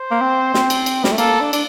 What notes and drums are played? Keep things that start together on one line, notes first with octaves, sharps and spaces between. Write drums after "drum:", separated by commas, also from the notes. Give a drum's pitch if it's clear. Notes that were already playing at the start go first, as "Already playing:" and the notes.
Already playing: C5
A#3
C4
C4, drum: snare
drum: cymbal
drum: cymbal
G3, drum: snare
A3
A#3 A4, drum: cymbal
D4
D4, drum: cymbal